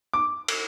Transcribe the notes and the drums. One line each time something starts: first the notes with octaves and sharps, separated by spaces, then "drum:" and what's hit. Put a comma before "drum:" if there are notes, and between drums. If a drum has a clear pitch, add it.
D6
drum: cymbal